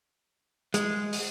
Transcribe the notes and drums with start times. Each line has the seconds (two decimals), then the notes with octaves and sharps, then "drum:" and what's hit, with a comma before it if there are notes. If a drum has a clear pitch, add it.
0.74 G#3, drum: hi-hat
1.13 drum: open hi-hat